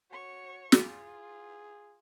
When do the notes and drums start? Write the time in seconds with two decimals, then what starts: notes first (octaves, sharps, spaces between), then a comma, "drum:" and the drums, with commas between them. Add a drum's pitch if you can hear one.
0.11 F#4 C#5 C#6
0.72 F4 G#4, drum: snare